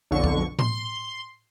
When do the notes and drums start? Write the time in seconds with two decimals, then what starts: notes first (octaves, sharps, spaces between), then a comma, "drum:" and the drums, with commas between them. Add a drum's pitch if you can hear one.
0.11 B1 F2 D3 C#6
0.24 drum: kick
0.59 C6, drum: tom A2